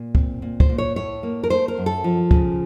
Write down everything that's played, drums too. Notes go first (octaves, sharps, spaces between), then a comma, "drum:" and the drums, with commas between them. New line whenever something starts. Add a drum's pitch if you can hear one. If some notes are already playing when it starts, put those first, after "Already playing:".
Already playing: A#2
C4, drum: kick
A#2
C5, drum: kick
A#2
C#5
A2 C#5
A#3
A#4
A3 C5
A#4
F#2
A4
F3
C#3, drum: kick